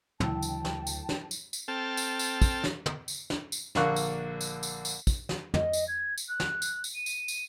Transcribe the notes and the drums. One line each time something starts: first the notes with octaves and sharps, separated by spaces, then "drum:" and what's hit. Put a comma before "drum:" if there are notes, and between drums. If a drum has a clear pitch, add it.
D2 C#3 E3 F#3 E4 G5 A5, drum: tom
drum: tambourine
drum: snare
drum: tambourine
drum: snare
drum: tambourine
drum: tambourine
C4 A4 G5 A5 F6
drum: tambourine
drum: tambourine
drum: kick, tambourine
drum: snare
drum: tom
drum: tambourine
drum: snare
drum: tambourine
A#1 D3 A#3 C#6 F#6, drum: snare
drum: tambourine
drum: tambourine
drum: tambourine
drum: tambourine
drum: kick, tambourine
drum: snare
D#5, drum: tom
drum: tambourine
G#6
drum: tambourine
F#6
drum: snare
drum: tambourine
drum: tambourine
D#7
drum: tambourine
drum: tambourine